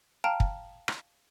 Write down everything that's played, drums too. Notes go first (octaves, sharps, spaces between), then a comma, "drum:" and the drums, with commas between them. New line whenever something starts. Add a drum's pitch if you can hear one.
F5 G5 A5 A#5 F6 D7
drum: kick
drum: rim click